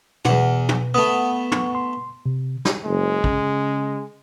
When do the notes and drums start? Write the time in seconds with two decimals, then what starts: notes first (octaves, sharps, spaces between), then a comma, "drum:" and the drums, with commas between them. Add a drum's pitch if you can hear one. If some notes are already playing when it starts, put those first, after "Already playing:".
0.25 E2 B2 B4 F#5, drum: tom
0.69 drum: tom
0.94 A3 B3 D#6
1.52 C#6, drum: tom
1.75 C6
2.26 C3
2.65 drum: snare
2.85 F#1 G#3
3.24 C#3, drum: kick